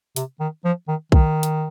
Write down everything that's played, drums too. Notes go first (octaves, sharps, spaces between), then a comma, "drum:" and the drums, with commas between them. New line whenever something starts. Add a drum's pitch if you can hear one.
C3, drum: hi-hat
D#3
F3
D#3
D#3, drum: kick B1
drum: hi-hat